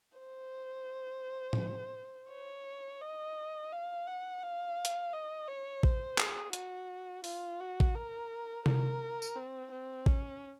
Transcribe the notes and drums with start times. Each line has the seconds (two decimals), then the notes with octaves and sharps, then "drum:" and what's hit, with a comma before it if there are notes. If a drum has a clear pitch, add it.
0.18 C5
1.53 drum: tom
2.30 C#5
3.01 D#5
3.72 F5
4.07 F#5
4.43 F5
4.85 drum: hi-hat
5.13 D#5
5.47 C#5
5.83 C5, drum: kick A1
6.18 G#4, drum: clap
6.53 F#4, drum: hi-hat
7.24 F4, drum: open hi-hat
7.60 F#4
7.80 drum: kick A1
7.95 A#4
8.66 A#4, drum: tom C3
9.22 drum: tambourine
9.36 C4
9.71 C4
10.06 C#4, drum: kick A1